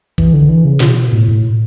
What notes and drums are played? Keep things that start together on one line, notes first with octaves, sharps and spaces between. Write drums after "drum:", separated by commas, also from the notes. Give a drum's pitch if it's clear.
E3, drum: kick A#1
D3
E3
C#3
B2, drum: snare
A2
A2